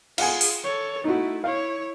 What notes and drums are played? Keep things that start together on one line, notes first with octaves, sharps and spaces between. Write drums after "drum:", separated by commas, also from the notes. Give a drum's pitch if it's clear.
F4 G#4 F5 F#5 G#5, drum: cymbal
drum: open hi-hat
A4 C#5
A3 D#4 E4 F#4
E4 C#5 F5